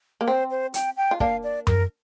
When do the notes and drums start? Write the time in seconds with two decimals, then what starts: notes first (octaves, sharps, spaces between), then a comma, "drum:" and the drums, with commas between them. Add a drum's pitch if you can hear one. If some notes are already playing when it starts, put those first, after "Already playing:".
0.21 A#3
0.28 C4 C5
0.50 C5
0.74 G5, drum: hi-hat
0.97 G5
1.11 F4
1.20 A#3 D4 F5, drum: kick
1.43 D5
1.67 A#4, drum: tom F#2